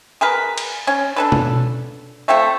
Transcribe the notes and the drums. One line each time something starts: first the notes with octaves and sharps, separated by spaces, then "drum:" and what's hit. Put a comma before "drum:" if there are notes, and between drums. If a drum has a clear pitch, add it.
G#4 A#4 B4
drum: cymbal
C#4
D4 A4 B4
drum: tom B2
A3 C4 F4 A4